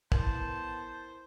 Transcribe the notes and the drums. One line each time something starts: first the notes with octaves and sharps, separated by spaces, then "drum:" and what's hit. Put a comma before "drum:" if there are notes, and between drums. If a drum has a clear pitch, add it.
B3 E4 A#4 C5 A5, drum: kick